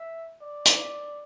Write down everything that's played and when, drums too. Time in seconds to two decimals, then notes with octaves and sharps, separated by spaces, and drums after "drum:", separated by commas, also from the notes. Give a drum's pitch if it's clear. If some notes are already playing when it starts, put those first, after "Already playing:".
Already playing: E5
0.42 D5
0.65 drum: hi-hat